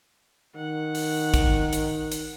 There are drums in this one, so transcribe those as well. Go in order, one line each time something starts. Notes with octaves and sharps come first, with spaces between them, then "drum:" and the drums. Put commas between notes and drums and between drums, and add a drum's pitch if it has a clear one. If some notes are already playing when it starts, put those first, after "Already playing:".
D#3 F#5
drum: open hi-hat
drum: kick, hi-hat
drum: hi-hat
drum: hi-hat